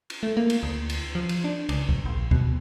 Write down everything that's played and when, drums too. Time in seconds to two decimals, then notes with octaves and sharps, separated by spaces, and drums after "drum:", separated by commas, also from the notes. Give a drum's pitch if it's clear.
0.10 drum: cymbal
0.23 A3
0.37 A#3
0.50 drum: cymbal
0.63 D2
0.89 drum: cymbal
1.15 F3
1.29 drum: cymbal
1.44 D4
1.69 C#2, drum: cymbal
1.89 drum: kick C#2
2.06 A#1
2.31 B2, drum: kick C#2